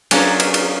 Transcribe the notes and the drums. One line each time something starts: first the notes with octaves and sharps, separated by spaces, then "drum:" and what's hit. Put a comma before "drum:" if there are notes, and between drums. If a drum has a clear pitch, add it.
F#3 A#3 C#4 D4, drum: cymbal
drum: cymbal
drum: cymbal